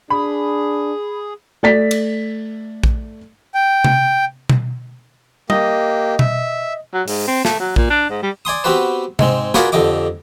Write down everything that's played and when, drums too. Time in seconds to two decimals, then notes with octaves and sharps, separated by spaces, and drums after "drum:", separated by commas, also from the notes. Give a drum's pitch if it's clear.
0.10 D4 G#4 B5
1.63 A3 D5 A6 B6
1.91 drum: cymbal
2.84 drum: kick A#1
3.54 G5
3.84 drum: tom C3
4.49 drum: tom B2
5.50 A#3 G4 D#5, drum: tom
6.19 E5, drum: tom B2
6.94 F#3
7.08 G#2, drum: open hi-hat
7.27 C4
7.45 A3, drum: snare
7.60 F#3
7.76 A#2, drum: kick A#1
7.90 D4
8.09 G#2
8.22 G3
8.45 D5 G#5 C6 D#6
8.64 B3 C4 F#4 G4 B4 C5
9.19 G#2 G#3 C4, drum: tom C3
9.54 F4 F#4 G#4 A#4 B4 D5, drum: snare
9.72 F2 D3 G4 D#5 D6